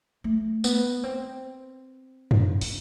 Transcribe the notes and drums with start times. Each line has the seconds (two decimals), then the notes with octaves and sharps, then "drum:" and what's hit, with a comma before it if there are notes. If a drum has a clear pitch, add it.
0.24 A3
0.64 B3, drum: tambourine
1.04 C4
2.31 drum: tom F#2
2.61 C4, drum: open hi-hat